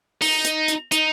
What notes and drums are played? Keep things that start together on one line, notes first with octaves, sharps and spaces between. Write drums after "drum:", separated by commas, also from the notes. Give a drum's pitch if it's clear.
D#4, drum: open hi-hat
drum: hi-hat
drum: hi-hat
D#4, drum: hi-hat